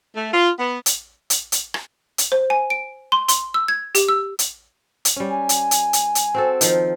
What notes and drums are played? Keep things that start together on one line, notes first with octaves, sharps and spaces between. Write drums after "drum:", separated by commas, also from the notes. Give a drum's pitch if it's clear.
A3
F4
B3
drum: hi-hat
drum: hi-hat
drum: hi-hat
drum: rim click
drum: hi-hat
C5
G#5
D7
C6
C6, drum: hi-hat
E6
G#6
G4, drum: hi-hat
E6
drum: hi-hat
drum: hi-hat
G3 C#4
G#5
drum: hi-hat
drum: hi-hat
drum: hi-hat
drum: hi-hat
C4 F#4 A4
D#3 F3, drum: hi-hat